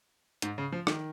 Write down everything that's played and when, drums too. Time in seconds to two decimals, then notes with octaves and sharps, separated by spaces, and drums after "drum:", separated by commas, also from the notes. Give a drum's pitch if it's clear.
0.42 G#2, drum: hi-hat
0.58 C#3
0.72 F3
0.87 D#3, drum: rim click